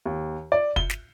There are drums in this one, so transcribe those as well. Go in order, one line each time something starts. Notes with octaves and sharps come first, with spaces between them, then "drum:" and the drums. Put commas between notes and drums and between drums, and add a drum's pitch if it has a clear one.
D#2
D5
G7, drum: kick
drum: snare